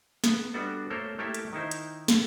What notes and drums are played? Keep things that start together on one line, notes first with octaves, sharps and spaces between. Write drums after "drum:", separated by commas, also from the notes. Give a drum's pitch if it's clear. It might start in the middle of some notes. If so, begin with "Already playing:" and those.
B3, drum: snare
G3 B3 D4 F#4 A4
A3 A#3 A4 A#4 C5 C#5
A3 A#3 E4 G4 A4 E5
drum: hi-hat
D#3 D#4 E4 C5
drum: hi-hat
drum: snare